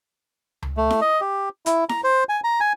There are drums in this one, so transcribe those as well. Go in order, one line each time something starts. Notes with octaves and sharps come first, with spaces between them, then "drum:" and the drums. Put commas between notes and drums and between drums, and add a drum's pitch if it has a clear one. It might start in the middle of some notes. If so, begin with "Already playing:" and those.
drum: tom C#2
A3
drum: snare E4
D#5
G4
E4, drum: hi-hat
A#5, drum: snare E4
C5
G#5
A#5
G#5